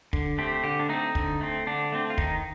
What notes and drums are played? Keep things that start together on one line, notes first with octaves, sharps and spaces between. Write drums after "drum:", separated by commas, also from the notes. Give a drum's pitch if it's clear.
D3, drum: kick
A3 C4 G4
D3 G4
D4
A3 C4 D#4
D3, drum: kick
A3 C4
D3 D4
A3 C4
F4
D#3 D#4, drum: kick